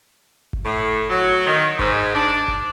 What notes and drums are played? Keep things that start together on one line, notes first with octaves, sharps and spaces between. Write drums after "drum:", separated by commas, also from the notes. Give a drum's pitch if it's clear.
drum: kick G1
A2
F#3
D#3
G#2, drum: kick G1
D4
drum: kick G1